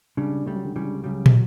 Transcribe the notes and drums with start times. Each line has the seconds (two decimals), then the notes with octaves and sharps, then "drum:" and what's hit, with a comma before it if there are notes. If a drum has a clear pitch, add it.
0.17 C#2 C#3 G3 D4
0.46 C#2 C#3 G3 A3
0.56 F#3
0.65 D3
0.75 C#2 C#3 E3 G3
0.85 D3
1.04 C#2 C#3 F#3 G3
1.26 drum: tom